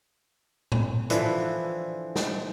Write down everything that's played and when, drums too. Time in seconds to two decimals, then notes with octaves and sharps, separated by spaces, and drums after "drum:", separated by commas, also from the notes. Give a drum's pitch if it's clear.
0.72 drum: tom A2
1.10 D3 E3 F3, drum: hi-hat
2.16 drum: snare